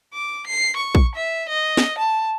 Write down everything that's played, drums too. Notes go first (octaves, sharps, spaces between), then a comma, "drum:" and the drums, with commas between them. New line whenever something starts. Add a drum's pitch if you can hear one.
D6
C7
C#6
drum: kick
E5
D#5
drum: snare
A5